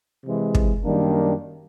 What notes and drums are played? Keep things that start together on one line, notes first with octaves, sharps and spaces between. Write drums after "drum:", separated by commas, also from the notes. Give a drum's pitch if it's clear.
C3 E3 G#3
drum: kick
F#2 D#3 G3 A#3 D4